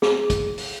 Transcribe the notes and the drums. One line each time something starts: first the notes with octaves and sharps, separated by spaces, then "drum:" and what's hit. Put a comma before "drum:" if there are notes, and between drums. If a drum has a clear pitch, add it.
G#4, drum: snare
drum: kick, hi-hat
drum: open hi-hat